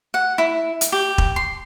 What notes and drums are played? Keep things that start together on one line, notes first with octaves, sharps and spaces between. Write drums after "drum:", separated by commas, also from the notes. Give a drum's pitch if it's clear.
F#5
E4
drum: hi-hat
G4
drum: kick E1
C6